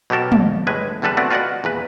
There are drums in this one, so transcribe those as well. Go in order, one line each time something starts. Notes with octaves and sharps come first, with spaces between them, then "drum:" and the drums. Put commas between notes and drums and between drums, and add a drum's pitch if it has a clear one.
B2 F#3 G4 A4 A#4
drum: tom
G1 A2 G#3 B4 G#5
E2 D3 G3 A4 B4
A3 B3 C4 F#4 D5
F4 F#4 B4 D5 D#5 F#5
E2 A#2 B4